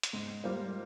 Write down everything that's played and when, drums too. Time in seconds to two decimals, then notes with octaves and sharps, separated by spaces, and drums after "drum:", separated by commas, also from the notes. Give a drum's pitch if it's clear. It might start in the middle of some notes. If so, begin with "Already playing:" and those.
0.03 drum: hi-hat
0.13 G#2
0.44 G3 A#3 F4 C5